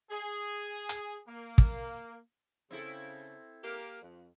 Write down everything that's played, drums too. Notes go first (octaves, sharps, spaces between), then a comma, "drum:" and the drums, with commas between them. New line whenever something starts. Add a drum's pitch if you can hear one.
G#4
drum: hi-hat
A#3
drum: kick
C#3 C4 E4 A4
A#3 G4 A#4
F2